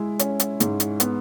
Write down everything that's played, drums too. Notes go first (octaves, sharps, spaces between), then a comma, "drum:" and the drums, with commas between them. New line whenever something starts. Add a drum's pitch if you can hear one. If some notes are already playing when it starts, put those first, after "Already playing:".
Already playing: G#3 E4
C#4, drum: hi-hat
drum: hi-hat
G#2, drum: hi-hat
drum: hi-hat
B3, drum: hi-hat